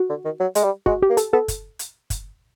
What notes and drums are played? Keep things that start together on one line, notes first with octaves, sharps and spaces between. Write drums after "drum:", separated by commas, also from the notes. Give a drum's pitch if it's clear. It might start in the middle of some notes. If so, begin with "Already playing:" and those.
Already playing: F#4
D3
D#3
F#3
G#3, drum: hi-hat
G3
G#3 F#4, drum: kick F#1
G4
A#3
A4, drum: hi-hat
B3 A4
drum: kick F#1, hi-hat
drum: hi-hat
drum: kick F#1, hi-hat